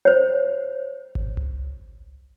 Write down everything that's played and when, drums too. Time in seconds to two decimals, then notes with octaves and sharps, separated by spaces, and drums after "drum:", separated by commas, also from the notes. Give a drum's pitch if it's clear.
0.05 C5 C#5
1.15 drum: kick G#1
1.37 drum: tom C2